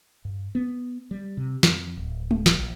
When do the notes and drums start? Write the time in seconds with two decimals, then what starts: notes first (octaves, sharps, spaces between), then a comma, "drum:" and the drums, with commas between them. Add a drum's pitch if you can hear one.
0.25 G2
0.55 B3
1.11 G3
1.37 C3
1.63 F2, drum: snare
1.97 D1
2.31 drum: tom G#3
2.46 drum: snare
2.59 A#1